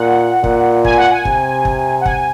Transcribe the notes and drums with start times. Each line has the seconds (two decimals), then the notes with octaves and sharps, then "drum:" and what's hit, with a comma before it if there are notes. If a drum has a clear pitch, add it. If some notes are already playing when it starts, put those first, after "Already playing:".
Already playing: A#2 F#5
0.44 A#2, drum: kick
0.85 G#5, drum: kick
0.98 F#5
1.11 G#5
1.25 C3, drum: kick
1.65 drum: kick
2.01 F#5
2.05 G#5, drum: kick